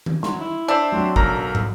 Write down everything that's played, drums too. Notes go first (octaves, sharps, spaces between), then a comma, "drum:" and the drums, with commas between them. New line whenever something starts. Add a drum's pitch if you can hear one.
drum: tom D#3
F#3 C6, drum: snare
E4
D4 C5 E5 E6
F#3 C4 F#4
B1 A#4 A#5 A#6, drum: kick
drum: tom